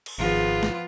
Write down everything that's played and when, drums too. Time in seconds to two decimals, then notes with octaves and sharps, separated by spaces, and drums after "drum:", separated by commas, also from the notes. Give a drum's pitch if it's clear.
0.06 drum: cymbal
0.18 G#1 F3 B3 F4 G#4
0.63 drum: snare